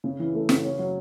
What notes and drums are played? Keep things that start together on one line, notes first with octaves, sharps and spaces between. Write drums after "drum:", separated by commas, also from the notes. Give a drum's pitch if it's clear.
C#3
E3
A3
C#3, drum: snare
C#4
F#3